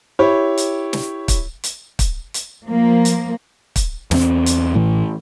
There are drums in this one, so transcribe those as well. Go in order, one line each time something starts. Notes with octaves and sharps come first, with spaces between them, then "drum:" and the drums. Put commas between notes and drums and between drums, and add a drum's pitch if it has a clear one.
E4 G4 C#5
drum: hi-hat
drum: snare
drum: kick, hi-hat
drum: hi-hat
drum: kick, hi-hat
drum: hi-hat
F3 A#3
drum: hi-hat
drum: kick, hi-hat
E2 C4, drum: snare
drum: hi-hat
A1 A2 E3